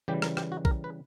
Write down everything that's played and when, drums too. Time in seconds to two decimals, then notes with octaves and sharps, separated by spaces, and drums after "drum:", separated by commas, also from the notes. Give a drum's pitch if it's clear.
0.08 C#3 E3 G3 G4
0.22 A#4, drum: rim click
0.37 G4, drum: rim click
0.52 F#4
0.65 A#4, drum: kick B1
0.84 B4